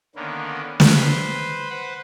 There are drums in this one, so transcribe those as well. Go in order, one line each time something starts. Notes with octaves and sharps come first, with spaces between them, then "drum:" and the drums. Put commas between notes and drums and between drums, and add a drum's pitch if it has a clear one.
D3 D#3 A#3 B3 C#4
B4 C5 B5 C6, drum: snare
B4 C5 F#5 B5